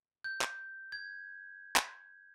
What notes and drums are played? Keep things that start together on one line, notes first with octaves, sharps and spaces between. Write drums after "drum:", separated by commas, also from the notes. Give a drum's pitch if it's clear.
G6
drum: clap
G#6
drum: clap